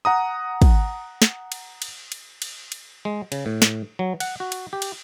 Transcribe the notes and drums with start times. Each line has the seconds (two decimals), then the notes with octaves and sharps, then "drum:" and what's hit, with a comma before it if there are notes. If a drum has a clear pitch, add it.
0.05 F#5 A#5 D#6
0.62 drum: kick, cymbal
1.22 drum: snare
1.52 drum: cymbal
1.82 drum: cymbal
2.12 drum: cymbal
2.42 drum: cymbal
2.72 drum: cymbal
3.05 G#3
3.32 C#3, drum: cymbal
3.46 A2
3.62 drum: snare
3.99 F#3
4.20 F#5, drum: cymbal
4.40 F#4
4.52 drum: cymbal
4.73 G4
4.82 drum: cymbal